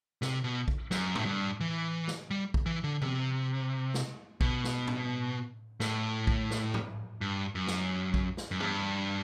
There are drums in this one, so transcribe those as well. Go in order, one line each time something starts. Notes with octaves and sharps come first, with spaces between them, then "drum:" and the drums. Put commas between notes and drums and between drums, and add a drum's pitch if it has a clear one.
C3, drum: snare
B2
drum: kick
F#2, drum: snare
A2, drum: tom A2
G2
E3
drum: snare
G3
drum: kick
E3
D3
C3, drum: tom E3
drum: snare
B2, drum: kick
drum: snare
drum: tom A2
A2, drum: snare
drum: kick
drum: snare
drum: tom G#2
G2
F#2
drum: snare
drum: kick
drum: snare
F#2
G2, drum: tom E3